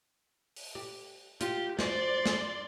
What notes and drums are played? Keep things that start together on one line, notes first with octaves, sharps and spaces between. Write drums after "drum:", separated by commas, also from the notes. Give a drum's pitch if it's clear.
drum: open hi-hat
G4
F4 G4, drum: hi-hat
F#4 C5 D5 C6, drum: snare
drum: snare